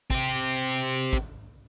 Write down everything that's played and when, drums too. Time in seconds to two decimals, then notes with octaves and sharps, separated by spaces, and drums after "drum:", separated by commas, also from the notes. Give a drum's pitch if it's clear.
0.10 C4 G4, drum: kick
1.13 drum: kick